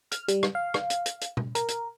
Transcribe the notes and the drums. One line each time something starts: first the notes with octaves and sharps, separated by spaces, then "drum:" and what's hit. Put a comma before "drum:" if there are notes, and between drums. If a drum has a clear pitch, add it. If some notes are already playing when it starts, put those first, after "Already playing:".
F6, drum: hi-hat
G3, drum: hi-hat
drum: rim click
F5
drum: rim click
drum: hi-hat
drum: hi-hat
drum: hi-hat
drum: tom B2
A#4, drum: hi-hat
drum: hi-hat